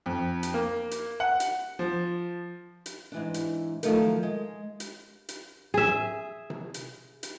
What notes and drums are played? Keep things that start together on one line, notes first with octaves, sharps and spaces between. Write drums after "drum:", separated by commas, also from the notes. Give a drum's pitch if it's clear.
F2
drum: hi-hat
A#3
drum: hi-hat
F#5
drum: hi-hat
F3
drum: hi-hat
G#2 E3 D4
drum: hi-hat
D#3 F3 F#3 A3 D#4 A#4, drum: hi-hat
G#3
drum: hi-hat
drum: hi-hat
G#4 E5
drum: tom C3
drum: hi-hat
drum: hi-hat